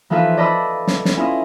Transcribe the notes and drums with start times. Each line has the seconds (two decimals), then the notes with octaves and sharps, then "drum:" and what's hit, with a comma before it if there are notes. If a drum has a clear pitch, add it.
0.10 E3 F3 D#4 F4 A4 B4
0.37 D5 D#5 A5 B5 E6
0.87 drum: snare
1.05 drum: snare
1.17 C#4 E4 F4 D#5